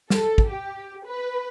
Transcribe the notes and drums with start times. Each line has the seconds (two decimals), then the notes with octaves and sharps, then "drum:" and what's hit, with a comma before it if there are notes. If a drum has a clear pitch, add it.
0.10 A4, drum: snare
0.38 drum: kick
0.48 G4
1.05 B4